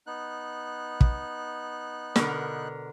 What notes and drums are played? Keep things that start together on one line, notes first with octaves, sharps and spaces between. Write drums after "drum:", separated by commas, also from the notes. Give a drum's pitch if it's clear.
B3 D#4 F#6
drum: kick
B2 D3 A#4, drum: snare